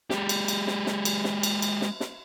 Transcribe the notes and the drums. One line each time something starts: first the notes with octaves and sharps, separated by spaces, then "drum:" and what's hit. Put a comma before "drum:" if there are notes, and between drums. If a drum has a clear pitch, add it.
G#3 G4, drum: snare
drum: cymbal
drum: cymbal
drum: snare
drum: snare
drum: cymbal
drum: snare
drum: cymbal
drum: cymbal
drum: snare
drum: snare